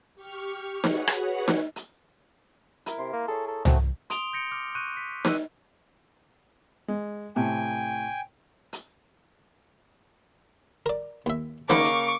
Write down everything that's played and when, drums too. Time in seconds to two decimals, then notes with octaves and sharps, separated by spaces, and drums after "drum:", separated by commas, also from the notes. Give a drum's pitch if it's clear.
0.15 G4 C#6 F6
0.84 F#4 G#4 B4 C#5 F#5, drum: snare D#4
1.07 drum: rim click
1.48 drum: snare D#4
1.76 drum: hi-hat
2.86 E4 A#4, drum: hi-hat
2.99 C3 C6
3.13 A#3
3.28 G#4 A4 C#5
3.48 A4
3.65 A3 C4 F#4 A5, drum: tom C2
4.10 C6 D#6 D7 F7 G7, drum: hi-hat
4.33 G6 A#6 C#7 D7
4.51 D6 F6
4.75 C#6 F#6 G6 D#7
4.97 B6
5.25 E6 F#6 D#7, drum: snare D#4
6.88 G#3
7.36 A2 C3 G5 G#5
8.73 drum: hi-hat
10.86 A#4 D5
11.26 D#2 E5
11.70 C#3 A#3 C5 F#5 B5 C#6 D6, drum: snare D#4
11.84 drum: hi-hat